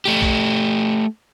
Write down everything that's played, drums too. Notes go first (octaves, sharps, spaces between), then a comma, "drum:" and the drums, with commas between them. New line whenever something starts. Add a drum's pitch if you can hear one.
A3 G4
drum: kick